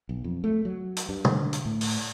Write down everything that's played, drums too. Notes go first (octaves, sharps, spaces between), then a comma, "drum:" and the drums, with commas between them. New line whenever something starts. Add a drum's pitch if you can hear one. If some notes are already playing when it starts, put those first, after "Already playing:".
B1
F2
A3
F#3
drum: hi-hat
G2
D3, drum: tom
drum: hi-hat
A2
drum: open hi-hat